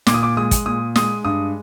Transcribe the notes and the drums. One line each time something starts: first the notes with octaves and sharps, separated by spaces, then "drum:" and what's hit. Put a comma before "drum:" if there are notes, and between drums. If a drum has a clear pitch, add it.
A#2 D6, drum: snare
D#6
D6
G#3 D#6
drum: kick, hi-hat
A#2 D#6
G#3 D#6, drum: snare
G2 D#6